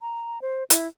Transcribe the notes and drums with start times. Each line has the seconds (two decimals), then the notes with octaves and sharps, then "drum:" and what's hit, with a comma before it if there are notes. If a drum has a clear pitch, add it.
0.01 A#5
0.42 C5
0.70 E4, drum: hi-hat